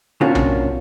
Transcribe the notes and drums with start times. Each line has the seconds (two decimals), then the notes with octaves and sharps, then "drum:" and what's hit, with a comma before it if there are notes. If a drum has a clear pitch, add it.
0.21 C3 A#3 C#4 D4 F4 F#4
0.35 drum: tom B1